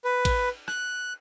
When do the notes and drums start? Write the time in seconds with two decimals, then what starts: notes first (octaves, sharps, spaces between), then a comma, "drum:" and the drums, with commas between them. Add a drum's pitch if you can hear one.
0.05 B4
0.25 drum: kick, cymbal
0.68 F#6, drum: rim click